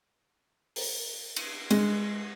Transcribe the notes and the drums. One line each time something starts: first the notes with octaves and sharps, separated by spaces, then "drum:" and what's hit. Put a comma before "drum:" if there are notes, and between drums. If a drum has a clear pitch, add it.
drum: open hi-hat
drum: cymbal
G#3, drum: cymbal